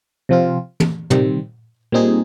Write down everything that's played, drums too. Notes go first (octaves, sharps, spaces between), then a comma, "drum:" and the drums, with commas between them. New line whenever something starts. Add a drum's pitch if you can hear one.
C3 F3 C4 F4
drum: tom
C3 D#3 G3 C4, drum: tom
A#2 G3 C4 D#4 G#4